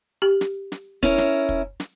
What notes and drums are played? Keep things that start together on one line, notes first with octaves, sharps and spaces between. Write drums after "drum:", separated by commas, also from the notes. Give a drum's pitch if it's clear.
G4
drum: snare
drum: snare
C#4 E4 A#4, drum: kick
drum: snare
drum: kick
drum: snare